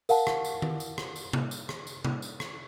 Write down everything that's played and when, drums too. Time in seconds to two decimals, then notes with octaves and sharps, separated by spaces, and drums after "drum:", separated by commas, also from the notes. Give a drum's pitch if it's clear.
0.09 A#4 F5 F#5 A5, drum: tambourine
0.27 drum: rim click
0.45 drum: tambourine
0.62 drum: tom D#3
0.80 drum: tambourine
0.98 drum: rim click
1.16 drum: tambourine
1.33 drum: tom C3
1.51 drum: tambourine
1.69 drum: rim click
1.87 drum: tambourine
2.05 drum: tom C3
2.22 drum: tambourine
2.40 drum: rim click